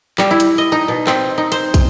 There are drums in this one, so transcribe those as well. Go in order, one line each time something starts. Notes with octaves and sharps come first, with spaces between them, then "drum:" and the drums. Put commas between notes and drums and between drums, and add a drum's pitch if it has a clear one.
G3, drum: clap
E4
drum: hi-hat
D#5
D#4
B2
C4, drum: clap
D#4
C5, drum: hi-hat
drum: kick, hi-hat